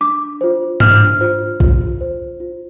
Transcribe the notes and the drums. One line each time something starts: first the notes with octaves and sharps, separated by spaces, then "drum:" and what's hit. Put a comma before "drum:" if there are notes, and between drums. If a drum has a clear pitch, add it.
D4 D6
F4 C5
D4 F6, drum: tom G#2
F4 C5
F4, drum: kick
C5
F4